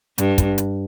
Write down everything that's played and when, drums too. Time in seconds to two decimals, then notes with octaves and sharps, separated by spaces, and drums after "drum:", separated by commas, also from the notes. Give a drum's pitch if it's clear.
0.18 G2, drum: hi-hat
0.38 drum: kick, hi-hat
0.58 drum: hi-hat